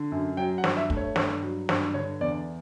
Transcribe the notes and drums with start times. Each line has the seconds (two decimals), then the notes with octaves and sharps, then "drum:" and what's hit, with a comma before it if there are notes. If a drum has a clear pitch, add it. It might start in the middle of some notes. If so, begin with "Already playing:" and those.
Already playing: D3
0.12 F#2
0.37 F#3 G5
0.58 F#5
0.64 G2, drum: snare
0.77 E5
0.90 A3, drum: kick
0.97 C#5
1.16 G2, drum: snare
1.42 F#3
1.69 G2, drum: snare
1.94 D3 C#5
2.21 E2 D5